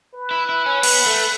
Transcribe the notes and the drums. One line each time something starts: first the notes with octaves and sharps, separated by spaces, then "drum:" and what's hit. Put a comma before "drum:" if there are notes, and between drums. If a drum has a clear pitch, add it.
B4
E4
E4
C#4
B3, drum: cymbal
A3